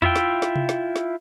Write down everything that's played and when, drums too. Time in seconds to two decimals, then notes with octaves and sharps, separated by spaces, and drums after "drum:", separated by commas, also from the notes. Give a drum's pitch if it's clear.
0.02 E4 F4 E5 G5, drum: tom E2
0.15 drum: snare
0.42 drum: snare
0.56 drum: tom C3
0.69 drum: snare
0.96 drum: snare